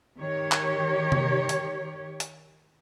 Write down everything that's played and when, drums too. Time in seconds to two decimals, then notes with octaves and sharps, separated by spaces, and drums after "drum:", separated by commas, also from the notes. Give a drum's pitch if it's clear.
0.18 D#3 G4 C#5
0.52 drum: clap
1.12 drum: tom C3
1.49 drum: hi-hat
2.20 drum: hi-hat